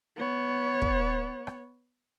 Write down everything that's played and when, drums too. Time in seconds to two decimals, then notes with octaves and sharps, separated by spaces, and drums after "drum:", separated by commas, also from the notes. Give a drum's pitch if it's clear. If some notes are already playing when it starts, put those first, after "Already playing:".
0.16 B3 C#5
0.82 drum: kick
1.47 drum: rim click